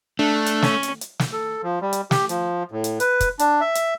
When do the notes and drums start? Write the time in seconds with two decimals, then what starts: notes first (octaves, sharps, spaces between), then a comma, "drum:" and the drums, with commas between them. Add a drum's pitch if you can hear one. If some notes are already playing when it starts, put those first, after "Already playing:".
0.19 A3 D4
0.46 drum: hi-hat
0.62 C#4, drum: snare
0.83 drum: hi-hat
1.01 drum: hi-hat
1.19 drum: snare
1.33 A4
1.63 F3
1.82 G3
1.93 drum: hi-hat
2.11 G4, drum: snare
2.29 F3, drum: hi-hat
2.71 A2
2.84 drum: hi-hat
3.00 B4, drum: hi-hat
3.20 drum: kick, hi-hat
3.39 D4, drum: hi-hat
3.61 E5
3.75 drum: hi-hat